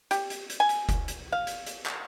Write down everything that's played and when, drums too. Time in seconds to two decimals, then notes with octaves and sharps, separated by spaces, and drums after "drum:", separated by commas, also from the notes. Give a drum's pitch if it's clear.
0.11 G4, drum: hi-hat
0.30 drum: hi-hat
0.50 drum: hi-hat
0.60 G#5
0.69 drum: hi-hat
0.89 drum: kick F1, hi-hat
1.08 drum: hi-hat
1.32 F5
1.47 drum: hi-hat
1.66 drum: hi-hat
1.86 drum: clap